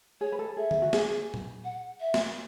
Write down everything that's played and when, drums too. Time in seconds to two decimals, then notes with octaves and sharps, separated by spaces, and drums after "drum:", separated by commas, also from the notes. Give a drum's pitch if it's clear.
0.21 G#4 C#5
0.32 B4
0.39 A4
0.57 G#4 E5
0.71 drum: tom D3
0.82 F#4
0.93 G#4, drum: snare
1.34 drum: tom A#2
1.64 F#5
2.00 E5
2.14 drum: snare